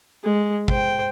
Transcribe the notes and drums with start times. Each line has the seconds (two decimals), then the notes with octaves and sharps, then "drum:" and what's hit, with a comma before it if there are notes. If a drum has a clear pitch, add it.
0.24 G#3
0.68 C5 G5, drum: kick